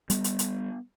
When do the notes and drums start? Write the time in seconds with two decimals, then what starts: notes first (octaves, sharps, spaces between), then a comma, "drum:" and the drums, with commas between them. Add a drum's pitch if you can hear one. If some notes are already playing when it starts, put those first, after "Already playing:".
0.10 G3 B3, drum: hi-hat
0.24 drum: hi-hat
0.39 drum: hi-hat